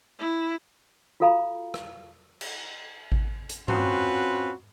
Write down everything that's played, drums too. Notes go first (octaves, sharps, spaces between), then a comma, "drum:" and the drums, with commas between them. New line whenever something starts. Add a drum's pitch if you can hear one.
E4
F4 F#4 A4 F5 A#5 B5
drum: rim click
drum: cymbal
drum: kick G#1
drum: hi-hat
C4 C#4 F4 F#4 B4, drum: tom G2